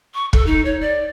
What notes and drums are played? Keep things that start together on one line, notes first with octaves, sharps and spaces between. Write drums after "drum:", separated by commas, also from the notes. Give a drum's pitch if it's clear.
C#6
A4, drum: kick
D#4
C#5
D5